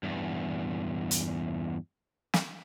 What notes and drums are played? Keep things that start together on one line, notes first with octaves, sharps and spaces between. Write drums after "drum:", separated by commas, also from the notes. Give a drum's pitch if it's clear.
E2 G2
drum: hi-hat
drum: snare